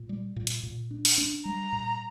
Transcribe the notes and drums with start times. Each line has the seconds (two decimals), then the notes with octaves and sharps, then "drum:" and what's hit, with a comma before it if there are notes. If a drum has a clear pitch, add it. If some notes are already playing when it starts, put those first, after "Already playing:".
Already playing: A#2
0.09 G3
0.36 A#2
0.47 drum: hi-hat
0.63 A#2
0.91 D4
1.05 drum: open hi-hat
1.18 D4
1.45 G3 A#5
1.72 A#2